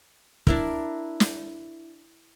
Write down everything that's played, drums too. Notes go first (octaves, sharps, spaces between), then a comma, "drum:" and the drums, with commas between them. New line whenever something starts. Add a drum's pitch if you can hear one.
D4 E4 A#4, drum: kick
drum: snare